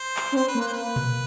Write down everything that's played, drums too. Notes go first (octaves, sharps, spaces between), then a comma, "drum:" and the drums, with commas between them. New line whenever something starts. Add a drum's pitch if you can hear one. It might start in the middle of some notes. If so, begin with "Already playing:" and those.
Already playing: C5
drum: clap
C#4
C4 C5
B4
A#3
B4
C5
B4
drum: tom A#2